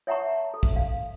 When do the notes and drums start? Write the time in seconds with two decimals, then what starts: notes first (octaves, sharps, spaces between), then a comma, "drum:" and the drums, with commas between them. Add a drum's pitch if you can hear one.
0.07 C#5 E5 F#5 A5 A#5 C#6
0.54 A4
0.63 drum: kick
0.76 F5